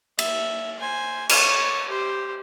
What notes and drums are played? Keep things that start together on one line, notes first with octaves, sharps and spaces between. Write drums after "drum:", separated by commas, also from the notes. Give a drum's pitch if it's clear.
E5, drum: cymbal
C5 G#5
C#5 A5, drum: cymbal
G4 C5